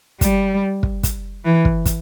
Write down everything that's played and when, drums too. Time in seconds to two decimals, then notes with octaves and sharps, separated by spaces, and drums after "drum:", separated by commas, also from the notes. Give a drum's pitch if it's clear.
0.21 G3, drum: kick, hi-hat
0.83 drum: kick
1.03 drum: kick, hi-hat
1.45 E3
1.65 drum: kick
1.86 drum: kick, hi-hat